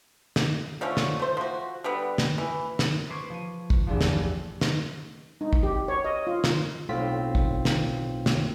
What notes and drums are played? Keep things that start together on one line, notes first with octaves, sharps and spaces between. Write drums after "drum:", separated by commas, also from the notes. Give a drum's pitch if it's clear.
drum: snare
D3 F3 A3 C#4
drum: snare
A3 C5
F3 F#4
D3 G3 B3
drum: snare
E3
drum: snare
B4 C5 C#6 D6 G#6
F3 D#7
drum: kick
A#1 E2 G2 E3 F3
drum: snare
drum: snare
D#4
drum: kick
G4
C#5
D#5
F4
drum: snare
B1 A2 C4 F4 B6
drum: kick
drum: snare
drum: snare